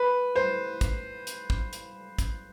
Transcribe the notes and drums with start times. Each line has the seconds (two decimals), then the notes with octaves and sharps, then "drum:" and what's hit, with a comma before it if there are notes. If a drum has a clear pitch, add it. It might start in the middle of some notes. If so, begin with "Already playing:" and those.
Already playing: B4
0.35 C5
0.81 drum: kick, hi-hat
1.27 drum: hi-hat
1.50 drum: kick
1.73 drum: hi-hat
2.19 drum: kick, hi-hat